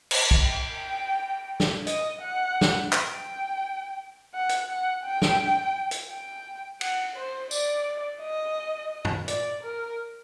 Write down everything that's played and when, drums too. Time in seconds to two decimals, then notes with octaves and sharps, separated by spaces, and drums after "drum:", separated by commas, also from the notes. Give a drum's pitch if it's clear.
0.11 drum: cymbal
0.31 drum: kick B1
0.46 G5
1.60 drum: snare
1.87 D#5, drum: hi-hat
2.22 F#5
2.61 drum: snare
2.93 G5, drum: clap
4.34 F#5
4.49 drum: hi-hat
4.69 F#5
5.04 G5
5.22 drum: snare
5.91 drum: hi-hat
6.10 G5
6.81 F#5, drum: cymbal
7.16 C5
7.51 D5, drum: tambourine
8.21 D#5
9.05 drum: tom
9.28 D5, drum: hi-hat
9.63 A#4